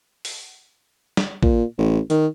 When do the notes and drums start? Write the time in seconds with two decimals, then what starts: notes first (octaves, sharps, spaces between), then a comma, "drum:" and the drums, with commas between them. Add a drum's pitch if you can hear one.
0.25 drum: open hi-hat
1.17 drum: snare
1.43 A#2, drum: kick
1.79 A1
2.10 D#3, drum: hi-hat